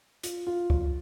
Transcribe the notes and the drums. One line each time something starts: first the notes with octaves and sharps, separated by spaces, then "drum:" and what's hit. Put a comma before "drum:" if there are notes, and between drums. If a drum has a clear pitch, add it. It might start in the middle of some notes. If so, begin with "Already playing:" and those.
F4, drum: hi-hat
F4
F#3, drum: kick